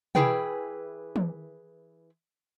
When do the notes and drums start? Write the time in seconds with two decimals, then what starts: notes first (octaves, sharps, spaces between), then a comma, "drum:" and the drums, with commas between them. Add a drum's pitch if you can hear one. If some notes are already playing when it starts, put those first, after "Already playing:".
0.15 E3 A#3 E4 G#4 B4 G5, drum: tom
1.16 drum: tom